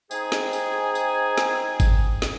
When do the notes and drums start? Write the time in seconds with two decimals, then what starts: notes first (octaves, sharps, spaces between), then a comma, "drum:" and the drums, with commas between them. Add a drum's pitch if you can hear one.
0.11 G#3 C4 D#4 G#4, drum: tambourine
0.32 drum: snare
0.53 drum: tambourine
0.95 drum: tambourine
1.38 drum: snare
1.80 drum: kick G#1, tambourine
2.22 drum: snare